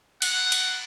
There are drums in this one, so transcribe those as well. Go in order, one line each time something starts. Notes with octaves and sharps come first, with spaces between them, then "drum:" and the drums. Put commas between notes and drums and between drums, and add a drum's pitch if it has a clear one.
F#5, drum: cymbal
drum: cymbal